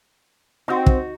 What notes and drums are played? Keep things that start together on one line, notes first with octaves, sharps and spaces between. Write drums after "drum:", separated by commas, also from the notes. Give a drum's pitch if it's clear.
C4 D#4 F#4
drum: kick